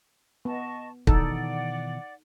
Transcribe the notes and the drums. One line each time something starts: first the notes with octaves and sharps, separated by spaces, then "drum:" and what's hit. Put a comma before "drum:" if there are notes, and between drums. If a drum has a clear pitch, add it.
B3 D#5 A5 C#6
B2 D#3 E3 D#4 A4 D5 F#5, drum: kick